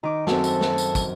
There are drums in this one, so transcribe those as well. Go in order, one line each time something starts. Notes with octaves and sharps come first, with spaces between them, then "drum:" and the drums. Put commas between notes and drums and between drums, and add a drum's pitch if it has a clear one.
D#3 D#4 D6
F#2 C4 A4, drum: snare
drum: tambourine
drum: snare
drum: tambourine
drum: kick, tambourine